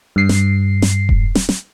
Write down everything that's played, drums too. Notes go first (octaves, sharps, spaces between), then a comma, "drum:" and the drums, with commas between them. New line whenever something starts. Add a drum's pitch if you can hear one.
G2 C7
drum: snare
drum: snare
drum: kick E1
drum: snare
drum: snare